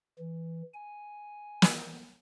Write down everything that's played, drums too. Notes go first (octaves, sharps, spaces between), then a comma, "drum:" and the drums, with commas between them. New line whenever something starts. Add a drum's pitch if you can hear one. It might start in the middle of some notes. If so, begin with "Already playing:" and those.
E3
G#5
drum: snare